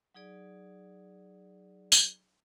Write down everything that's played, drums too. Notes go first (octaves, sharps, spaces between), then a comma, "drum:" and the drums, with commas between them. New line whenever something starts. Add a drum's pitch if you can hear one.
F#3 D#4 G#4 D5
drum: tambourine